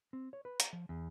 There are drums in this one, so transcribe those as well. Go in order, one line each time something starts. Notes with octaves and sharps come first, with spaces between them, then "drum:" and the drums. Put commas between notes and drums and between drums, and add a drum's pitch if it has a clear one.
C4
C#5
B4
A#5, drum: hi-hat
F3
E2